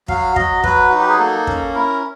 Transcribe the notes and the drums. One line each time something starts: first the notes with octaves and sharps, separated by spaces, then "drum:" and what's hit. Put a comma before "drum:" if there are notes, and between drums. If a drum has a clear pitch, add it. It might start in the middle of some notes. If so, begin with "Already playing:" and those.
F#3 F5, drum: kick
F#3 D#5, drum: kick
F#3 B4, drum: kick
D#4 F#4
G4
G#4
A#3 A4
C#4, drum: kick
E4 A#4